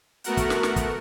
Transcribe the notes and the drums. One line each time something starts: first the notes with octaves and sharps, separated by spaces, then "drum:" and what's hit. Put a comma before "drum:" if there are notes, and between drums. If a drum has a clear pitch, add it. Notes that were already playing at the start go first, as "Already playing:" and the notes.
A3 B3 F#4 A#4 F#5, drum: hi-hat
drum: kick, hi-hat
drum: snare
drum: snare
drum: kick, hi-hat